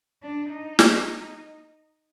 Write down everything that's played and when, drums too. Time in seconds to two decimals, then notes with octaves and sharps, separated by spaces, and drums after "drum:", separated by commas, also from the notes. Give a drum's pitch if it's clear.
0.23 D4
0.50 D#4
0.79 drum: snare